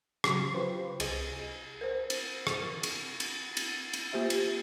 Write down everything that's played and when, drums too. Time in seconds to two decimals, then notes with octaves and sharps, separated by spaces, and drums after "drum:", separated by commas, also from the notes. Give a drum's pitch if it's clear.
0.24 C#3 F#3, drum: rim click
0.54 F4 G4 B4 C5
1.00 C2 G#4 D#5, drum: cymbal
1.81 A#4 C5
2.10 drum: cymbal
2.47 drum: rim click
2.61 A#4
2.83 drum: cymbal
3.20 drum: cymbal
3.57 drum: cymbal
3.93 drum: cymbal
4.13 A#3 F4 G4 C5 E5
4.30 drum: cymbal